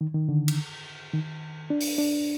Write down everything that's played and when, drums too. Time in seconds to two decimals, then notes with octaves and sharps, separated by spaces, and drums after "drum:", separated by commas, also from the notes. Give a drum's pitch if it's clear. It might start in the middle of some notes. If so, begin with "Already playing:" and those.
0.01 D#3
0.14 D#3
0.29 D3
0.48 drum: cymbal
1.14 D#3
1.70 D4
1.80 drum: open hi-hat
1.98 D4